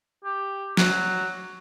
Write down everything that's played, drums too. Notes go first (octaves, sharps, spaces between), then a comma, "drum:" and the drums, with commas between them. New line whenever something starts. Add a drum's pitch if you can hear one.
G4
F#3, drum: snare